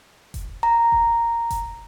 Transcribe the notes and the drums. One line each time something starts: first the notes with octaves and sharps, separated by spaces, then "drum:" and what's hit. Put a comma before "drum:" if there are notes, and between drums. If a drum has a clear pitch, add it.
drum: kick F1, hi-hat
A#5
drum: kick F1
drum: kick F1, hi-hat